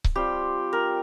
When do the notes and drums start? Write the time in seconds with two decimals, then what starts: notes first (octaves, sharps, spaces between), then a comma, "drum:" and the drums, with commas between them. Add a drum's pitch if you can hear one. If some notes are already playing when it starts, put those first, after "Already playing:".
0.04 drum: kick C#1
0.15 G3 C4 F4 G4
0.73 A#4